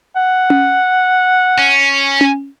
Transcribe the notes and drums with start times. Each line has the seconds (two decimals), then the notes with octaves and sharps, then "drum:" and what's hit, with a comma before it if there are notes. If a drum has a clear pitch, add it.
0.16 F#5
0.50 drum: tom C#4
1.58 C#4
2.21 drum: tom C#4